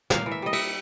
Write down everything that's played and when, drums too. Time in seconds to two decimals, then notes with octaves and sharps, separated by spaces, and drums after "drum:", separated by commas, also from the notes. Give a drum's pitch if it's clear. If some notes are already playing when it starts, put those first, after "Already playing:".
0.10 A#3 F5, drum: snare
0.26 E3
0.31 E5
0.42 G3 D#5
0.53 E5, drum: cymbal